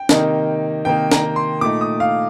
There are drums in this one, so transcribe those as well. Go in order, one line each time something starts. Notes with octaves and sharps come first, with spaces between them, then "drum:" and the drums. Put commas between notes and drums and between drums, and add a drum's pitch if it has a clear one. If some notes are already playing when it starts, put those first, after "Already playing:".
Already playing: G5
C3 D#3 A#3 D#4, drum: snare
C3 D#3 A#3 D#4 G5
A#5, drum: snare
C6
A#2 A3 D#4 D6
D#6
F5